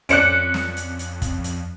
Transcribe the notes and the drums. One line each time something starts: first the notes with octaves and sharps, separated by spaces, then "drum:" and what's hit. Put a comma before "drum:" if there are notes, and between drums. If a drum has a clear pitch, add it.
F2 C#4 C5 D5 F#6 C#7 D7, drum: hi-hat
drum: snare
drum: hi-hat
drum: hi-hat
drum: kick, hi-hat
drum: hi-hat